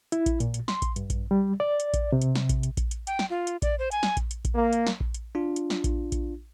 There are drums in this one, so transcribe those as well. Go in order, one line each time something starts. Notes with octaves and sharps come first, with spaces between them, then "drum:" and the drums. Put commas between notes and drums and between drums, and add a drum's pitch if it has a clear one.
E4, drum: hi-hat
drum: kick A#1, hi-hat
A#2, drum: hi-hat
drum: hi-hat
C6, drum: snare
drum: kick A#1, hi-hat
G2, drum: hi-hat
drum: kick A#1, hi-hat
G3
D5
drum: hi-hat
drum: kick A#1, hi-hat
C3
drum: hi-hat
drum: snare
drum: kick A#1, hi-hat
drum: hi-hat
drum: kick A#1, hi-hat
drum: hi-hat
G5, drum: hi-hat
drum: snare
F4
drum: hi-hat
D5, drum: kick A#1, hi-hat
C5
G#5, drum: hi-hat
drum: snare
drum: kick A#1, hi-hat
drum: hi-hat
drum: kick A#1, hi-hat
A#3
drum: hi-hat
drum: snare
drum: kick A#1
drum: hi-hat
D4 F4
drum: hi-hat
drum: snare
drum: kick A#1, hi-hat
drum: kick A#1, hi-hat